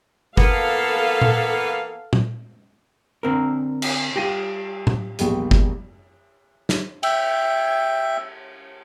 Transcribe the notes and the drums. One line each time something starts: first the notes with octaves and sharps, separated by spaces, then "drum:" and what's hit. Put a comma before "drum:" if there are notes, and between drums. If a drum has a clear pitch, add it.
E3 A#3 B3 A4 F5, drum: kick
drum: tom A#2
drum: tom
D3 C4 A#4
drum: cymbal
G3 F4 G4 A#6 D#7
drum: tom A2
A#1 E2 G3, drum: hi-hat
drum: kick
drum: snare
E5 G5, drum: cymbal